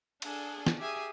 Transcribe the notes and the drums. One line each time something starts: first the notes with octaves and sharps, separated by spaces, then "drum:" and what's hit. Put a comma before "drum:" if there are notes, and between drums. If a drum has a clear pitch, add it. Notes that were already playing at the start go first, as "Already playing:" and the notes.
D4 G#4 A4, drum: cymbal
drum: snare
G4 G#4 E5 G#5 D#6